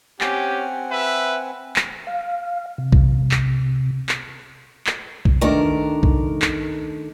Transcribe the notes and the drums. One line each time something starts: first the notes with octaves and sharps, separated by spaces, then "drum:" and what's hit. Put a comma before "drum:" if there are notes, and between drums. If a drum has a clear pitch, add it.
C4 C#4 G4 F#5 G#5, drum: clap
B4 E5
drum: clap
F5
C3
drum: kick
drum: clap
drum: clap
drum: clap
drum: kick
D#3 A3 D4 A#4
drum: kick
drum: clap